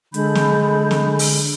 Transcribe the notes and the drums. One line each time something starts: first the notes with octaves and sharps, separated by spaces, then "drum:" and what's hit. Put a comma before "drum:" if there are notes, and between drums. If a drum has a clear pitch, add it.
D3 G#3 A4 B5 G6, drum: hi-hat
drum: snare
drum: snare
drum: open hi-hat